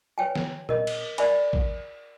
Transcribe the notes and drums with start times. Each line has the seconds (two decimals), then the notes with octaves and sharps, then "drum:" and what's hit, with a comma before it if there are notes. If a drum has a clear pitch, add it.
0.18 B4 C#5 G5 G#5
0.35 drum: snare
0.69 A#4 D#5, drum: tom A#2
0.87 drum: cymbal
1.18 A#4 C5 D5 E5 G#5 B5, drum: cymbal
1.53 drum: kick